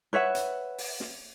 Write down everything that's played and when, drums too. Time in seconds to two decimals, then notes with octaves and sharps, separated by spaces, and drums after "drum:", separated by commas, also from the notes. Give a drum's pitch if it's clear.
0.13 B4 C#5 E5 F#5
0.35 drum: hi-hat
0.78 drum: open hi-hat
1.00 drum: snare